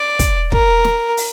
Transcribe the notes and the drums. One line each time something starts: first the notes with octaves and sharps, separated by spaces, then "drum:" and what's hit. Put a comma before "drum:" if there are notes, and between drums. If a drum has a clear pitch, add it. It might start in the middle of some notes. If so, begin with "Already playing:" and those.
Already playing: D5
drum: kick, hi-hat
A#4, drum: kick
drum: snare
drum: open hi-hat